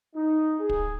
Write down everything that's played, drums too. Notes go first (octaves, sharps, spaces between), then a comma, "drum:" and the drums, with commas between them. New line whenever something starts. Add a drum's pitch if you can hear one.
D#4
G#4
drum: kick